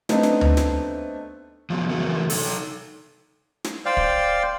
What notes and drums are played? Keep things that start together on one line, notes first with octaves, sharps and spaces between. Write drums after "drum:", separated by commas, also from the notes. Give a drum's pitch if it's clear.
A3 B3 C4 D4 D#4, drum: snare
drum: snare
drum: tom D2
drum: snare
F3 F#3 G#3 B3
C#3 E3 A3 F#4 G#4 A#4
D#4 A4, drum: open hi-hat
drum: snare
C5 D5 F5 G5
drum: kick